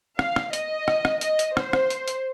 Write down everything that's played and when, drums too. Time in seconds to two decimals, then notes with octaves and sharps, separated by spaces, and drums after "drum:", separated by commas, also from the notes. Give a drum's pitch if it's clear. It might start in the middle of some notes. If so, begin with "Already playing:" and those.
0.19 F5, drum: rim click
0.36 drum: rim click
0.53 D#5, drum: hi-hat
0.88 drum: rim click
1.05 drum: rim click
1.21 D#5, drum: hi-hat
1.39 drum: hi-hat
1.57 C5, drum: rim click
1.73 drum: rim click
1.90 drum: hi-hat
2.08 drum: hi-hat